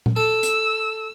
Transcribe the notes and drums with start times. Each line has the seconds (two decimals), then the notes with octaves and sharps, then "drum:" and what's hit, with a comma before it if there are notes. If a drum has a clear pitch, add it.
0.06 drum: tom A#2
0.16 A4 E6
0.43 drum: hi-hat